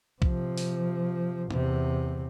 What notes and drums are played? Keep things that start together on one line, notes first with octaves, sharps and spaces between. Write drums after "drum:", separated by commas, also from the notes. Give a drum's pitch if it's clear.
C3 F3, drum: kick B1
drum: open hi-hat
E2 C3, drum: tom